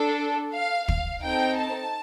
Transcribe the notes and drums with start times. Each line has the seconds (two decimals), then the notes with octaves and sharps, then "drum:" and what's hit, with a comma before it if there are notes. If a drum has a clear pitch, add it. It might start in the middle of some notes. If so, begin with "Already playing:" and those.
Already playing: D4 A4
0.54 F5
0.88 F5, drum: kick
1.23 C4 D#4 A4 G5
1.58 A5